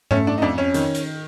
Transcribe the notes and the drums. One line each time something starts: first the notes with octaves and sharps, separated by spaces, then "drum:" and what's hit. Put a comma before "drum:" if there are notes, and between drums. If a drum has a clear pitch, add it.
A3 C#4, drum: tom G#2
D4
D#4
F2 D4
C#4
D#3, drum: hi-hat
drum: hi-hat